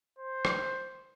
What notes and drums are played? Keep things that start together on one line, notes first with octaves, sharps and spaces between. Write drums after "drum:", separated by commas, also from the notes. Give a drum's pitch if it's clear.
C5
drum: rim click